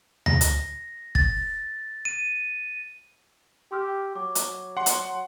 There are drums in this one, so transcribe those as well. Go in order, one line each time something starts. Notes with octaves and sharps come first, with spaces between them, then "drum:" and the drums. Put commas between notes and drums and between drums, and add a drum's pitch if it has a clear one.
A#6, drum: tom D2
drum: hi-hat
A6, drum: kick
D#7
G4 C6 E6 F6
F#3 D6
drum: hi-hat
F#5 C6
drum: hi-hat